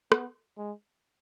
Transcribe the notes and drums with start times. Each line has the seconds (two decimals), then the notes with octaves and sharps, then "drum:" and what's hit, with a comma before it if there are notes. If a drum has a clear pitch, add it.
0.12 B3, drum: rim click
0.58 G#3